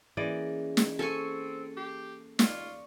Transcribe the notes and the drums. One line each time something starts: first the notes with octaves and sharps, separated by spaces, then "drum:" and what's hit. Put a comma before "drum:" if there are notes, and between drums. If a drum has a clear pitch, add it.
E3 A#3 C#4 G#4 D5 D#5
drum: snare
C4 A4 G#5 C#6
G4 C7
F4 D5 C#6, drum: snare